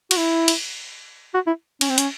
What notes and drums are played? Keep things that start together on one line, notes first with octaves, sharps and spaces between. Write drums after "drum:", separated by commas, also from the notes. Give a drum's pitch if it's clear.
F#4, drum: cymbal
E4
drum: cymbal
F#4
E4
C#4, drum: cymbal
C4
C#4, drum: hi-hat